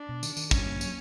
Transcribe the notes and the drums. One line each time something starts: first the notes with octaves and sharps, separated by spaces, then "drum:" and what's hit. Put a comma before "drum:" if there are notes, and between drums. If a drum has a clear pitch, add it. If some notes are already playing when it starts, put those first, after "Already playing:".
Already playing: D4
B2
D#3, drum: tambourine
D#3, drum: tambourine
G2 C#4, drum: kick, tambourine
A#3
F#3, drum: tambourine